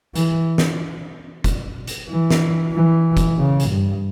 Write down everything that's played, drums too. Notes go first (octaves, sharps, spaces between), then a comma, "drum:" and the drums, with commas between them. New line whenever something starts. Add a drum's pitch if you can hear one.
E3, drum: hi-hat
drum: snare
drum: kick, hi-hat
drum: hi-hat
E3
drum: snare
E3
drum: kick, hi-hat
C#3
drum: hi-hat
G2